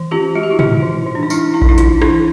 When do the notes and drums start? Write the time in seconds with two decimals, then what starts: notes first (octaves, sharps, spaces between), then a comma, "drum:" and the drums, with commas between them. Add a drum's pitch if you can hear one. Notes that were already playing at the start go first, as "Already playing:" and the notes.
Already playing: E3
0.11 C#4 F4 G4
0.35 G#3 F#4
0.43 G4
0.50 E4 F#4
0.59 G#3 D#4 F4, drum: tom
0.83 E3
1.07 E3
1.15 D4
1.23 D#4
1.30 G#3 D4 E4, drum: tambourine
1.54 C#4 E4
1.62 D#4, drum: kick A#1
1.69 D4 E4
1.78 E3 D#4 F4, drum: hi-hat
2.02 E3 D4 E4, drum: rim click